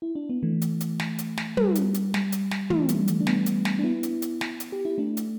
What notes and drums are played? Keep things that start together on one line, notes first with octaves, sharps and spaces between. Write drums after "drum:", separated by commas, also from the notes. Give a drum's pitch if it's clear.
E4
D4
B3
E3 A3
drum: hi-hat
drum: hi-hat
drum: snare
drum: hi-hat
drum: snare
G3, drum: tom
drum: hi-hat
drum: hi-hat
G3, drum: snare
drum: hi-hat
drum: snare
E3 A3, drum: tom
A3
G3, drum: hi-hat
E3 A3, drum: hi-hat
D4
G3 B3, drum: snare
drum: hi-hat
drum: snare
D4
B3 E4
drum: hi-hat
drum: hi-hat
drum: snare
drum: hi-hat
G4
E4
A3 D4
drum: hi-hat